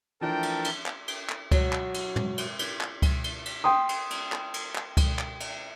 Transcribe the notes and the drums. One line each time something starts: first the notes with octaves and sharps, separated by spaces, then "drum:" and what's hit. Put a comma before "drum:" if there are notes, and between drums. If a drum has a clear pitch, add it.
E3 F3 A3 D4 A#4 G5 A5
drum: cymbal
drum: cymbal
drum: clap
drum: cymbal
drum: clap
F#3, drum: kick C#2, cymbal
drum: clap
drum: cymbal
drum: tom
drum: cymbal
drum: cymbal
drum: clap
drum: kick C#2, cymbal
drum: cymbal
drum: cymbal
G5 C6 D#6
drum: cymbal
drum: cymbal
drum: clap
drum: cymbal
drum: clap
drum: kick C#2, cymbal
drum: clap
drum: cymbal